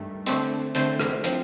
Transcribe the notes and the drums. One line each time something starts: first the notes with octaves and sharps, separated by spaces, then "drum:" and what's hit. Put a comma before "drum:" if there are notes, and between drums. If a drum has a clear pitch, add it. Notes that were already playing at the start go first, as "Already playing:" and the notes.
Already playing: G2 D#3 A3
D3 A3 C4, drum: hi-hat
D3 A3 C4 C5, drum: hi-hat
drum: rim click
F3 C4, drum: hi-hat